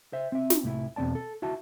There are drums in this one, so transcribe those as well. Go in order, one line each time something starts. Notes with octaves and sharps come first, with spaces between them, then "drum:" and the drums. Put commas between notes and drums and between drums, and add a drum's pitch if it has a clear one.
C5 E5
C4 E5
drum: snare
C2 A2 E4
E2 B2 C4 D5 A5
A4
E4 F#4 E5 A5